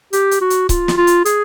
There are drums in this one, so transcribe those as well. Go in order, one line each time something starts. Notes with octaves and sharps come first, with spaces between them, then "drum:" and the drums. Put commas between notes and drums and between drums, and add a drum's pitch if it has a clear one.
G4, drum: hi-hat
drum: hi-hat
F#4
drum: hi-hat
F4, drum: kick C#1, hi-hat
drum: snare
F4
drum: hi-hat
G#4, drum: hi-hat